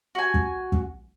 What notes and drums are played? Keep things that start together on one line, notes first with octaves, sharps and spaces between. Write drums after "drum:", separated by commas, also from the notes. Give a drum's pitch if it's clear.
F#4 G#5
drum: kick
drum: kick